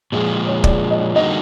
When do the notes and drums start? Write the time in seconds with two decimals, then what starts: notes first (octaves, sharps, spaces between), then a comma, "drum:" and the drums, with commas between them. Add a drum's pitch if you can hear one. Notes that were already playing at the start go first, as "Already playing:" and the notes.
0.12 A#2 F3 G#3 G#4
0.47 C#5
0.64 D5, drum: kick
0.91 D#5
1.16 D3 G3 A#3 D#4 F#4 D#5